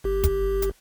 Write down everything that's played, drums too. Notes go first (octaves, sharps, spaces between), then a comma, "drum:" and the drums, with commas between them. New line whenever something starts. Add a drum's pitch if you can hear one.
G1 G4
drum: kick, hi-hat
drum: hi-hat